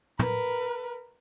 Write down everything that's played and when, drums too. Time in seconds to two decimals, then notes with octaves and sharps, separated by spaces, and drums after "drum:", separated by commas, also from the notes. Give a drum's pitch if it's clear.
0.19 A#4 B4, drum: tom